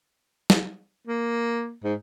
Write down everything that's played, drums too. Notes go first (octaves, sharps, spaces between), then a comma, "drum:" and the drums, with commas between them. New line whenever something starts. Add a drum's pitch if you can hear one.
drum: snare
A#3
G#2